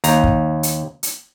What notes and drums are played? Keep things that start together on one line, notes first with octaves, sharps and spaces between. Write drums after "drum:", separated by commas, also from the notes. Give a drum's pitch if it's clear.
D#2 A#5, drum: hi-hat
drum: kick
drum: hi-hat
drum: hi-hat